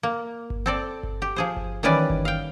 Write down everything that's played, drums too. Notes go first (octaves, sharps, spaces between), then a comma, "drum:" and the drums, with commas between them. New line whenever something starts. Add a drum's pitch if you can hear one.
A#3
drum: kick G1
C4 A4 D5
drum: kick G1
G4
F3 G#4 C5
drum: kick G1
D#3 E3 G3 C#4 B4 D5
drum: kick G1
F5 G5